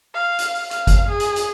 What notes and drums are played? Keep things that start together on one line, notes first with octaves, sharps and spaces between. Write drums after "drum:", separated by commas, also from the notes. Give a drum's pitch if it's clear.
F5
drum: hi-hat
drum: open hi-hat
F5, drum: hi-hat
drum: kick G1, hi-hat
G#4
drum: hi-hat
drum: hi-hat